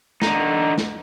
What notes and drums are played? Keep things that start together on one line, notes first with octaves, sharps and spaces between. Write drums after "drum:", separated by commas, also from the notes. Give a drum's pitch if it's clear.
D3 D#4, drum: snare
drum: snare